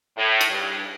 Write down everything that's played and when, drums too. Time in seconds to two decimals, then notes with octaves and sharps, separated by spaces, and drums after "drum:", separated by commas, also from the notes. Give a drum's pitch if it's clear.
0.17 A2
0.41 drum: cymbal
0.51 G2